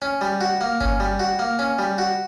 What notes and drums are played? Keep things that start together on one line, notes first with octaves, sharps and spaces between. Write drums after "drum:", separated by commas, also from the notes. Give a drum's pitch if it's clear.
C#4
G3
F#4
A#3
C#4, drum: kick G1
G3
F#4
A#3
C#4
G3
F#4